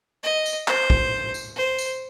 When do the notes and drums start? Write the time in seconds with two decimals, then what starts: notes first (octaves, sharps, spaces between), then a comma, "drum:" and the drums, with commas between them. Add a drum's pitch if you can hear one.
0.23 D#5
0.46 drum: tambourine
0.68 C5, drum: clap
0.90 drum: kick
1.34 drum: tambourine
1.56 C5
1.78 drum: tambourine